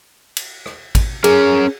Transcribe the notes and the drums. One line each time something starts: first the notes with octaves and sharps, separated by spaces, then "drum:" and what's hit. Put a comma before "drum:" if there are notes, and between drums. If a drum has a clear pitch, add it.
drum: cymbal
drum: rim click
drum: kick, cymbal
C#4 G#4 A#4, drum: cymbal